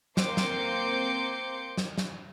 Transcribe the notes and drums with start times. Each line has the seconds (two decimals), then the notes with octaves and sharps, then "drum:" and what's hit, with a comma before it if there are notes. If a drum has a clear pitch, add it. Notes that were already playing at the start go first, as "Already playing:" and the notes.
0.17 A#3 C4 C6 D6 G6 C#7, drum: snare
0.37 drum: snare
1.77 drum: snare
1.97 drum: snare